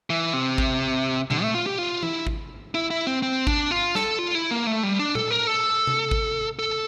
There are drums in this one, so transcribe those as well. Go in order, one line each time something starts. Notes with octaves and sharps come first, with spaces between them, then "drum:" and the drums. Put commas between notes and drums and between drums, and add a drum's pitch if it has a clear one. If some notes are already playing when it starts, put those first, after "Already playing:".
E3
C3
drum: kick G#1
D3, drum: tom A#2
A3
F4
G4
F4
E4, drum: tom E3
drum: kick G#1
E4
E4
C4
C4
D4, drum: kick G#1
F4
A4, drum: snare
F4
E4
A#3
A3
G3
D4
A4, drum: tom A#2
A#4
A4
drum: tom C3
drum: kick G#1
A4